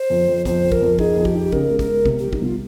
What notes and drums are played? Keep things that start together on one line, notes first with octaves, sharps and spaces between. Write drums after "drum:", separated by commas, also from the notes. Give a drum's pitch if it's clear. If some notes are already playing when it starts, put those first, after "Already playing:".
Already playing: C5
F2
F2
F2 C5, drum: kick
F2
A#4, drum: kick
F2
D#4 G#4, drum: kick
F2
G4, drum: kick
D#4
C#3 A#4, drum: kick
G#3
A#4, drum: kick
G#3
C3, drum: kick
G3 G4
D#4, drum: kick
C2 F4